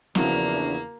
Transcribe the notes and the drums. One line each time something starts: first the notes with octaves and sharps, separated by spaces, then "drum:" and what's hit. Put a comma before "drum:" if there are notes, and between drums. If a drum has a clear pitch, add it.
E2 C#3 F3 A#3 D4 E4 F#4, drum: snare